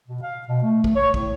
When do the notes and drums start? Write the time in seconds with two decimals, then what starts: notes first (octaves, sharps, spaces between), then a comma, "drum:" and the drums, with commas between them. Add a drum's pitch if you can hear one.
0.07 B2
0.22 F5
0.47 B2
0.62 A3
0.84 drum: kick
0.95 C#5
1.14 A2, drum: kick